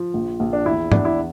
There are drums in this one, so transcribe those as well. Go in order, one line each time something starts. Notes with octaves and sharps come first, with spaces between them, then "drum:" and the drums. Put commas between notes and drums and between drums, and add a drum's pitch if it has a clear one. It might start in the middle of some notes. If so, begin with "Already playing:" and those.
Already playing: F3
A#1
A#1
D4
E2 E4
E2 D4, drum: tom
E4